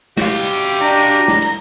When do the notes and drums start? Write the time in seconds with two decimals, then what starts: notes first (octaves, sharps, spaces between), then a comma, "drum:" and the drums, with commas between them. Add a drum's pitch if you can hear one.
0.17 F#4 G4 F5, drum: snare
0.31 drum: hi-hat
0.45 drum: open hi-hat
0.59 drum: open hi-hat
0.81 D4 A#5
1.01 drum: hi-hat
1.14 drum: hi-hat
1.28 drum: snare
1.42 drum: hi-hat